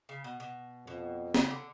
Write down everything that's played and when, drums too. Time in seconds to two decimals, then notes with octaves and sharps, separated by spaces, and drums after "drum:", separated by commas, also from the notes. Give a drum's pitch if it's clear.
0.09 C#3
0.24 B2
0.40 B2
0.87 F2 B2
1.34 C#3, drum: snare
1.51 D3